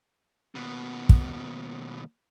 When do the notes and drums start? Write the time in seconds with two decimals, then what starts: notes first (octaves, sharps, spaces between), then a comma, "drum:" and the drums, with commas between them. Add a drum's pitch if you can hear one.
0.55 D#2 B2
1.09 drum: kick